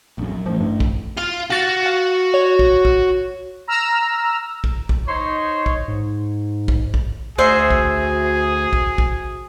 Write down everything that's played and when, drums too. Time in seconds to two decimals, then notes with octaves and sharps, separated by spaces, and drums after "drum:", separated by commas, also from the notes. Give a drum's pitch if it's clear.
0.18 A#1 F#2
0.32 F#2
0.46 A1 A2 F3
0.60 G2
0.80 drum: kick
1.17 F4 F5 F6
1.50 F#4 F5 A6
1.86 F5
2.34 C#5
2.59 drum: kick
2.85 drum: kick
3.68 A#5 E6 F6
4.64 drum: kick
4.89 drum: kick
5.08 D#4 C5 C#5
5.66 drum: kick
5.88 G#2
6.68 drum: kick
6.94 drum: kick
7.38 D2 F#4 G#4 C5 E5
7.70 drum: kick
8.73 drum: kick
8.98 drum: kick